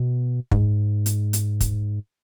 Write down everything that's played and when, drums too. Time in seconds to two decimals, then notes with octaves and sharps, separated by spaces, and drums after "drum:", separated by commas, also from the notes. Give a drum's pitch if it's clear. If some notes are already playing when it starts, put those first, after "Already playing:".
Already playing: B2
0.51 G#2, drum: kick
1.06 drum: hi-hat
1.33 drum: hi-hat
1.60 drum: kick, hi-hat